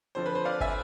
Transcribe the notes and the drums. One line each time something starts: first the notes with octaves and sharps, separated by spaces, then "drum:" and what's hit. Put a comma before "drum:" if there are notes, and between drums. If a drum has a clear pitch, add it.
F2 D3 F3 C5
B4
C5
D5 F5
E5 G#5, drum: kick